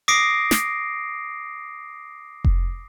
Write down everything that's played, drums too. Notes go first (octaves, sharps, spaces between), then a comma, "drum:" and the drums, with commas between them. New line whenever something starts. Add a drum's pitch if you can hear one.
D6 D#6 A#6 C7 D7
drum: snare
drum: kick F1